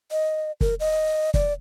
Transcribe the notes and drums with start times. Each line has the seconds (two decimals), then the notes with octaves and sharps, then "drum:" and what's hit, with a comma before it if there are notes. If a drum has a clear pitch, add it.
0.12 D#5
0.61 A#4, drum: kick
0.80 D#5
1.34 D5, drum: kick